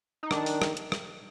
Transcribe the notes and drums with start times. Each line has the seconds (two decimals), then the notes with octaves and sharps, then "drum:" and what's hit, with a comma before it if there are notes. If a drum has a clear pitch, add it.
0.23 D#4
0.31 D#3 D4, drum: rim click
0.46 drum: open hi-hat
0.62 drum: rim click
0.77 drum: hi-hat
0.92 drum: rim click